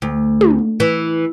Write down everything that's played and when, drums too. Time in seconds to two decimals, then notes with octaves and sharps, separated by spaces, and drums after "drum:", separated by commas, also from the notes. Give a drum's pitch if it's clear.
0.02 D2
0.41 drum: tom
0.80 E3